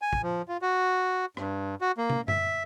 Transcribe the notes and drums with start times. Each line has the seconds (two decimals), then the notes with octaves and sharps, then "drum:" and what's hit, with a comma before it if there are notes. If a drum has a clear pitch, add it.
0.02 G#5
0.13 drum: kick
0.23 F3
0.49 F4
0.62 F#4
1.37 G2, drum: rim click
1.81 F#4
1.98 A#3
2.10 drum: tom
2.28 E5, drum: tom F#2